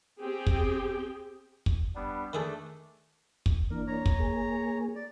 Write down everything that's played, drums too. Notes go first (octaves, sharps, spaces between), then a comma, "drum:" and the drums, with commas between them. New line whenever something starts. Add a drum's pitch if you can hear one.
C4 G4 G#4 G5
drum: kick
drum: kick
G3 B3 D4
D#3 A3 D4 G#4 A4
drum: kick
E3 A#3 D4 A#4
C#5 A#5
drum: kick
A#3 G#4
D5